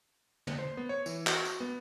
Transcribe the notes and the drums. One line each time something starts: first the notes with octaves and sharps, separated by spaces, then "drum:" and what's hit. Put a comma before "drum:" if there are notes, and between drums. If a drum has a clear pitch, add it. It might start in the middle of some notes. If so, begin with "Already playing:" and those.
drum: tom
C5
B3
C#5
E3, drum: tambourine
F#4, drum: clap
drum: tambourine
B3